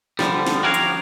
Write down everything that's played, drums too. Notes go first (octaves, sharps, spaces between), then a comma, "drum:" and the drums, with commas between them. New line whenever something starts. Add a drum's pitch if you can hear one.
D3 F3 G3, drum: snare
drum: snare
F#4 G4 A#4 C#5 E5 F5
drum: hi-hat